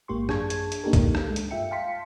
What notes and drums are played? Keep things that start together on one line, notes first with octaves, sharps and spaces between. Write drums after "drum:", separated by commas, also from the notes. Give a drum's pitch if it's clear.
A1 G#2 A#3 G4 C6 C#6
F#2 D4 G#4 A5 C#6 G#6, drum: rim click
drum: hi-hat
drum: hi-hat
A#3 D4 D#4 G4 A4 A#4
drum: kick B1, hi-hat
drum: rim click
G#3 A4
drum: hi-hat
G2 F4 E5 G5 C#7
F5 G5 A5 C6 B6 C#7